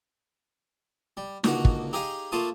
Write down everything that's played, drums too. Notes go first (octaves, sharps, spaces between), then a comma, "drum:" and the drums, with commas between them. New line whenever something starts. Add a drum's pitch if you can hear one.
G3
C#2 D3 A#3 D#4 F#4, drum: snare
drum: kick
D#4 G4 G#4 D#5 F5
A3 A#3 F4 C5 A5 D#6